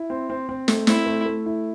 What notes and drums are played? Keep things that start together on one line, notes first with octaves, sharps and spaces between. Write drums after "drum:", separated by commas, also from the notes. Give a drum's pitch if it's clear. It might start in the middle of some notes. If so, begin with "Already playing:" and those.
Already playing: E4
C4
C4
C4
A3, drum: snare
C4 E4, drum: snare
A3
A3
E4